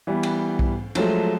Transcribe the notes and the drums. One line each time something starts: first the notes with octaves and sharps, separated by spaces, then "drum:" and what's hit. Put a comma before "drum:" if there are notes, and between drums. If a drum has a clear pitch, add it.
E3 G3 B3
drum: cymbal
drum: kick B1
F3 F#3 G#3 A3, drum: cymbal